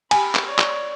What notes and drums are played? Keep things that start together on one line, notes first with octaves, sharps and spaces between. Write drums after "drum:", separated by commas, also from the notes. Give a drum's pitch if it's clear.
G4 G#5 B5, drum: cymbal
drum: clap
C#5 D5
drum: clap